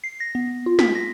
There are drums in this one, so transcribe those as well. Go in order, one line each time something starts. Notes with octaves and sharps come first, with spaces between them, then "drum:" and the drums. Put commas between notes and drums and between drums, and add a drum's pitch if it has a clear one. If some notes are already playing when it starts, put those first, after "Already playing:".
C7
A#6
B3
F4
B6, drum: snare
A#6